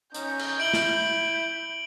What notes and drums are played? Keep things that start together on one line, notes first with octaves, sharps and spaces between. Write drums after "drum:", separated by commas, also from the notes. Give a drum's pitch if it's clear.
C#4 D#4 G6, drum: hi-hat
drum: cymbal
E4 D7 F#7 G7
drum: snare